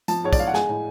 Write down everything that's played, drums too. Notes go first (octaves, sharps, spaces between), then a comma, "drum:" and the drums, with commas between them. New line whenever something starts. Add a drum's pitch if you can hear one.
F3 A5, drum: tambourine
G#2 C#5
D5, drum: kick, tambourine
G#3 F5
F#5
G#3 G#5, drum: snare
A2